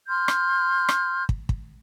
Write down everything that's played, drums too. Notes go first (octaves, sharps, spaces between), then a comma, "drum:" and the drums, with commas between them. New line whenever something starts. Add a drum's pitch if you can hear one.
C6 F6 G6
drum: rim click
drum: rim click
drum: kick
drum: kick